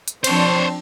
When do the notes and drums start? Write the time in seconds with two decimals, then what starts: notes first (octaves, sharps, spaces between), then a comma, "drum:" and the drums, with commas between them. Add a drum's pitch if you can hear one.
0.08 drum: hi-hat
0.24 F3 C4 D4 C5 C#5, drum: cymbal